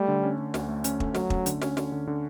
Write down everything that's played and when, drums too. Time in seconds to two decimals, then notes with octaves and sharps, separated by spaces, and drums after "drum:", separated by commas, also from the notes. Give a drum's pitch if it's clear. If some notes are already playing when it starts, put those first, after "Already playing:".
Already playing: G3 A3
0.08 D3
0.23 C#4
0.38 C#4
0.54 D2, drum: snare
0.68 A3
0.84 C#4, drum: hi-hat
1.00 A3, drum: kick
1.15 F#3 A3, drum: snare
1.30 C#4, drum: kick
1.46 D3, drum: hi-hat
1.62 C#4, drum: snare
1.77 D3, drum: snare
1.92 D3
2.07 D3